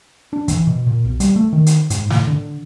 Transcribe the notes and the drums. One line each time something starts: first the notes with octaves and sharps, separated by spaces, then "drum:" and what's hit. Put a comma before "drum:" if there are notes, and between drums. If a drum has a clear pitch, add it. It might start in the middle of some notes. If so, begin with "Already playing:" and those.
D4
E3, drum: kick, hi-hat
B2
A#2
B1
G3, drum: hi-hat
A3
D#3
drum: hi-hat
G#2, drum: hi-hat
A2, drum: snare
D3